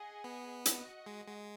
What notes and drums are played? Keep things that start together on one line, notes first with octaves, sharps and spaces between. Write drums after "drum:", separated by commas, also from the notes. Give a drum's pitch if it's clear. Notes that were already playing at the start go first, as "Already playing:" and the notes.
Already playing: G#4 D#5 F#5
B3
F#4 D#5 F#5, drum: hi-hat
G#3
G#3